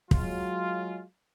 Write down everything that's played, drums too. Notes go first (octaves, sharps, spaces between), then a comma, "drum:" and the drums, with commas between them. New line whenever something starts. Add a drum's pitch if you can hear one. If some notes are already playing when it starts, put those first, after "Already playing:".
F#3 G#3 F4, drum: kick